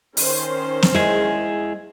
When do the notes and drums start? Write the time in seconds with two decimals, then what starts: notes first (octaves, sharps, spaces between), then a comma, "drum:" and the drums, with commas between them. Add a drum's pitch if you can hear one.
0.17 D#3 C#4 C5, drum: open hi-hat
0.82 drum: snare
0.95 G#3 E4 G#4